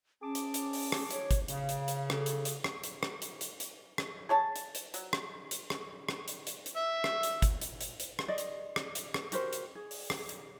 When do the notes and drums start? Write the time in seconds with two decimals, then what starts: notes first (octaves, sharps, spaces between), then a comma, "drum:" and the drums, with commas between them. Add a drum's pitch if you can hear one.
0.22 C#4 G#4 A5 D6
0.35 drum: hi-hat
0.54 drum: hi-hat
0.73 drum: open hi-hat
0.92 drum: rim click
1.11 C#5, drum: hi-hat
1.31 drum: kick, hi-hat
1.48 C#3 F5, drum: hi-hat
1.69 drum: hi-hat
1.88 drum: hi-hat
2.10 A4, drum: rim click
2.26 drum: hi-hat
2.45 drum: hi-hat
2.64 drum: rim click
2.84 drum: hi-hat
3.03 drum: rim click
3.22 drum: hi-hat
3.41 drum: hi-hat
3.60 drum: hi-hat
3.98 drum: rim click
4.29 G#4 C#5 A5
4.56 drum: hi-hat
4.75 drum: hi-hat
4.94 F#3, drum: hi-hat
5.13 drum: rim click
5.51 drum: hi-hat
5.70 drum: rim click
6.09 drum: rim click
6.28 drum: hi-hat
6.47 drum: hi-hat
6.66 drum: hi-hat
6.77 E5
7.04 drum: rim click
7.23 drum: hi-hat
7.42 drum: kick, hi-hat
7.61 drum: hi-hat
7.81 drum: hi-hat
8.00 drum: hi-hat
8.19 drum: rim click
8.28 D5 D#5
8.38 drum: hi-hat
8.76 drum: rim click
8.95 drum: hi-hat
9.14 drum: rim click
9.32 F#4 G4 A#4 C5, drum: hi-hat
9.53 drum: hi-hat
9.75 G#4
9.91 drum: open hi-hat
10.10 drum: rim click
10.29 drum: hi-hat